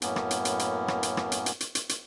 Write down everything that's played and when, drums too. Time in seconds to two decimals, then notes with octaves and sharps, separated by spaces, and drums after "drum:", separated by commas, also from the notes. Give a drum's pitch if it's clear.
0.02 F#2 A2 A#3 B3 C#4, drum: hi-hat
0.16 drum: rim click
0.31 drum: hi-hat
0.45 drum: hi-hat
0.59 drum: hi-hat
0.88 drum: rim click
1.03 drum: hi-hat
1.17 drum: rim click
1.32 drum: hi-hat
1.46 drum: hi-hat
1.60 drum: hi-hat
1.75 drum: hi-hat
1.89 drum: hi-hat